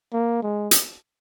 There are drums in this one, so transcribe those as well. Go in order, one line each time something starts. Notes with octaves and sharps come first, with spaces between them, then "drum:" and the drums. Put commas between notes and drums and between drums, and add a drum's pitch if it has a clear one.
A#3
G#3
drum: hi-hat